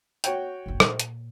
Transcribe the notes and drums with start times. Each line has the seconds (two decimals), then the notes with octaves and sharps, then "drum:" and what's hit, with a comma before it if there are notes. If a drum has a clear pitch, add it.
0.24 F#4 C#5 G5, drum: hi-hat
0.66 F#1 C2
0.80 A#2, drum: rim click
0.99 drum: hi-hat